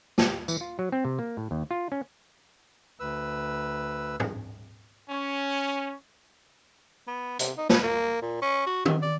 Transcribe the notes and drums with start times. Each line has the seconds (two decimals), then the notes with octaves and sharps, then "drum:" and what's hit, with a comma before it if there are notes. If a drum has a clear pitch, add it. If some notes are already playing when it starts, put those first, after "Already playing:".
0.18 G4, drum: snare
0.48 E3, drum: tambourine
0.61 F4
0.79 F#3
0.92 C4
1.05 C3
1.19 A#3
1.37 A2
1.51 D#2
1.71 F4
1.92 C#4
3.00 D2 B4 E6
4.20 drum: tom G#2
5.10 C#4
7.07 B3
7.39 C3, drum: hi-hat
7.57 D#4
7.69 B4, drum: snare
7.83 A#3
8.22 A#2
8.42 C#4
8.67 F#4
8.85 D#3, drum: tom
9.02 D5